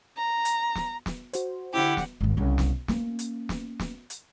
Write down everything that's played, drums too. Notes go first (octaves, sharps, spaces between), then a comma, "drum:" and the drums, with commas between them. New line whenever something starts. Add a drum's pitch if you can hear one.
A#5
drum: hi-hat
drum: snare
drum: snare
F#4 C5, drum: hi-hat
D3 E4 G4 F#5
drum: snare
G#1 D#2
C2 C#3
drum: snare
A#3 C#4, drum: snare
drum: hi-hat
drum: snare
drum: snare
drum: hi-hat